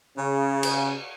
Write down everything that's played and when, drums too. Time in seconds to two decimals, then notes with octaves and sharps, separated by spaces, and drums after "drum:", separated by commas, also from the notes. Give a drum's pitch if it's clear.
0.17 C#3
0.63 drum: cymbal